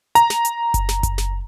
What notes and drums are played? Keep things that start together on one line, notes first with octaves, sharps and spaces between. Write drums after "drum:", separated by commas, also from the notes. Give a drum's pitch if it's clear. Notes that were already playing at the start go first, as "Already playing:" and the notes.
A#5, drum: hi-hat
drum: snare
drum: hi-hat
drum: kick F#1, hi-hat
drum: snare
drum: kick F#1, hi-hat
drum: snare